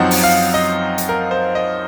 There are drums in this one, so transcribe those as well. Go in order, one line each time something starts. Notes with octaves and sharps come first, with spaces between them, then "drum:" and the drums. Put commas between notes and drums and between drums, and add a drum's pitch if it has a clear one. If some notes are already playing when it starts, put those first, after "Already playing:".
Already playing: F#2 F3 C4 D#4 F#5
drum: open hi-hat
F5
D#5
drum: hi-hat
A#4
C5
D#5